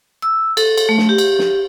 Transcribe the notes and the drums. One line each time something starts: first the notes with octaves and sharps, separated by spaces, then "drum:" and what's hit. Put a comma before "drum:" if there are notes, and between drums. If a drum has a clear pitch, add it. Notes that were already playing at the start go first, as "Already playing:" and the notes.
E6
A4, drum: cymbal
drum: cymbal
A3
drum: snare
G4
drum: cymbal
drum: snare